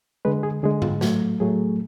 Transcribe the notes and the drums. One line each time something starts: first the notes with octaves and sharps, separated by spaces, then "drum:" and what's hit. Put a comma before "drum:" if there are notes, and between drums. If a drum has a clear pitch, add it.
D3 G#3 B4
G#4
D3 G#3 G#4
F4, drum: tom G#2
A2 F#3 A3 F#4, drum: snare
A2 F#3 A3 G#4